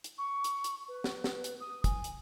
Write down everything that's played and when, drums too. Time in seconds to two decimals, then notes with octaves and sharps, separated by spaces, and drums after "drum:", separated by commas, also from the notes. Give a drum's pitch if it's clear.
0.04 drum: hi-hat
0.18 C#6
0.44 drum: hi-hat
0.64 drum: hi-hat
0.88 B4
1.04 drum: snare
1.24 drum: snare
1.44 drum: hi-hat
1.60 D#6
1.84 G#5, drum: kick, hi-hat
2.04 drum: hi-hat